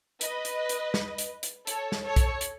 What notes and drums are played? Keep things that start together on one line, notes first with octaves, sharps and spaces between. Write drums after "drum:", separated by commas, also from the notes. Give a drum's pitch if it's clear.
B4 D#5, drum: hi-hat
drum: hi-hat
drum: hi-hat
drum: snare
drum: hi-hat
drum: hi-hat
A4 C#5, drum: hi-hat
drum: snare
A4 C#5
drum: kick B1, hi-hat
drum: hi-hat